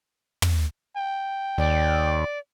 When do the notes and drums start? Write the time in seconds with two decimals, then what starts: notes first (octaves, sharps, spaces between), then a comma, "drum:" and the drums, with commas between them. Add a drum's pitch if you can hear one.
0.42 drum: tom
0.97 G5
1.58 D#2 D5